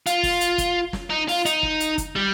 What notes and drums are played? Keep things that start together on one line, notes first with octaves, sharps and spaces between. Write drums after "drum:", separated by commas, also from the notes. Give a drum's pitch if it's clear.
F4, drum: hi-hat
drum: kick, open hi-hat
drum: hi-hat
drum: kick, hi-hat
drum: snare
D#4
F4, drum: open hi-hat
D#4, drum: hi-hat
drum: kick
drum: hi-hat
drum: kick, hi-hat
G3